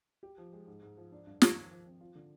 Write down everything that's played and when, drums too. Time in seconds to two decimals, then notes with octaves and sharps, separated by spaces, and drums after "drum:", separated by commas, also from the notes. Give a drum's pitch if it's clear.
0.23 G4
0.38 F3
0.53 G#3
0.67 G#2
0.82 G#2
0.97 F3
1.12 D4
1.27 G2
1.42 D#3, drum: snare
1.56 F3
1.71 F3
1.86 C4
2.01 F4
2.15 D3